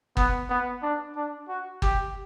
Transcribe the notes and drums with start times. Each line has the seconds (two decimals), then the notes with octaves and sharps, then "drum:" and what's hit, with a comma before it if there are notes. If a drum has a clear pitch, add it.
0.17 B3, drum: kick
0.49 B3
0.83 D4
1.16 D4
1.49 F#4
1.82 G4, drum: kick